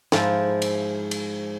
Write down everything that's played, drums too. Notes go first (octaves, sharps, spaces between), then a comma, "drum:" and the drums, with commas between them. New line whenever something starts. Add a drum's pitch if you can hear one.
G#2 F3 E4, drum: snare
drum: cymbal
drum: cymbal